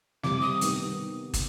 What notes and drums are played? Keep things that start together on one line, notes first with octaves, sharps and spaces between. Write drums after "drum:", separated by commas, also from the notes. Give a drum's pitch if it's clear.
C3 E3 G3 D6, drum: snare
D#6
D#3 G3 B3, drum: hi-hat
drum: kick, hi-hat